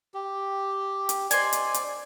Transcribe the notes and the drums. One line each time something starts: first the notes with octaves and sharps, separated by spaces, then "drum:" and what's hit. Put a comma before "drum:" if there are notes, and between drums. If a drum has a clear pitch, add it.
G4
drum: hi-hat
C5 D5 D#5 G#5, drum: hi-hat
drum: hi-hat
drum: hi-hat